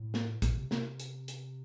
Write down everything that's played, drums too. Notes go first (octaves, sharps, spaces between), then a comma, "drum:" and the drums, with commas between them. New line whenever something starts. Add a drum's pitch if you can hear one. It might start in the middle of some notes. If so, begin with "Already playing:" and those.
Already playing: A2
drum: snare
A#2, drum: kick, hi-hat
C3
C3, drum: snare
drum: hi-hat
drum: hi-hat